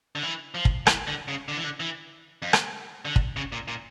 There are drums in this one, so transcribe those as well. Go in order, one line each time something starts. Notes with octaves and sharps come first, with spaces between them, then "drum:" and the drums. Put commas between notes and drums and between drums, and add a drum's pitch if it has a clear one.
D3
E3
F3
drum: kick
E3, drum: rim click
D3
C#3
D3
E3
D3
E3
F2
drum: rim click
D3
drum: kick
C#3
A#2
A#2